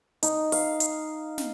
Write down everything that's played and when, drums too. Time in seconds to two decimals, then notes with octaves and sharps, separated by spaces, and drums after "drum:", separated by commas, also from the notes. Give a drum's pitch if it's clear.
0.23 D#4, drum: hi-hat
0.52 F5, drum: open hi-hat
0.80 drum: hi-hat
1.38 drum: snare